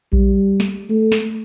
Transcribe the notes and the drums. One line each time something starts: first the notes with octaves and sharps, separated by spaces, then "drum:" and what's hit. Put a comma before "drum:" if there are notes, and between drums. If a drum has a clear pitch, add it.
G3, drum: kick A#1
drum: snare
A3
drum: snare